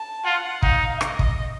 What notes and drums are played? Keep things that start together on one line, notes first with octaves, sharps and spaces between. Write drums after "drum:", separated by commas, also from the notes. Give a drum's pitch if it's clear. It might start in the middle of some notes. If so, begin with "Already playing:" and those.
Already playing: A5
F4 F#5
D#4 F5, drum: kick
D#5, drum: rim click
drum: kick